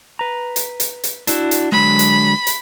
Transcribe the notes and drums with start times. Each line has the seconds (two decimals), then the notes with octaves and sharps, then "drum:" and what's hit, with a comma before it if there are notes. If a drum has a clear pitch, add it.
0.19 B4 A#5
0.56 drum: hi-hat
0.80 drum: hi-hat
1.04 drum: hi-hat
1.27 D4 E4 F#4, drum: hi-hat
1.51 drum: hi-hat
1.72 D3 F#3 G#3 B5
1.99 drum: hi-hat
2.47 drum: hi-hat